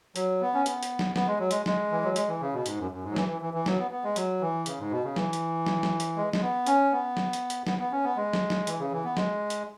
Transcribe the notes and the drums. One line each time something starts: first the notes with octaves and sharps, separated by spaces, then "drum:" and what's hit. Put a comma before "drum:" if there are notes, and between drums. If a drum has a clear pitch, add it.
F#3, drum: hi-hat
B3
C#4
B3, drum: hi-hat
drum: hi-hat
drum: snare
B3, drum: snare
G#3
F#3
G#3, drum: hi-hat
G#3, drum: snare
E3
F#3
G#3, drum: hi-hat
E3
C#3
B2
G#2, drum: hi-hat
F#2
F#2
G#2
F#3
E3, drum: snare
E3
E3
E3
F#3, drum: snare
B3
B3
G#3
F#3, drum: hi-hat
E3
C#3, drum: hi-hat
G#2
B2
C#3
E3, drum: snare
drum: hi-hat
drum: snare
drum: snare
drum: hi-hat
G#3
G#3, drum: snare
B3
C#4, drum: hi-hat
B3
drum: snare
drum: hi-hat
drum: hi-hat
B3, drum: snare
B3
C#4
B3
G#3
drum: snare
drum: snare
E3, drum: hi-hat
C#3
E3
B3
G#3, drum: snare
drum: hi-hat